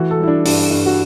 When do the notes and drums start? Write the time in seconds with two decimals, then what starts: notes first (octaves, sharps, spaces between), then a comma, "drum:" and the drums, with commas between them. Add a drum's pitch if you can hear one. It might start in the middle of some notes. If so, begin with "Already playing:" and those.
Already playing: E3 A3 F#4
0.11 A4
0.19 G3 E4
0.28 D4
0.45 G2 D4, drum: open hi-hat
0.71 G2
0.86 F#4